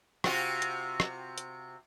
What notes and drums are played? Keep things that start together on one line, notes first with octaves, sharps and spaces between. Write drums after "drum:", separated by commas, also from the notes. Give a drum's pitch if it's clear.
C3 F4 F#4, drum: rim click
drum: hi-hat
drum: rim click
drum: hi-hat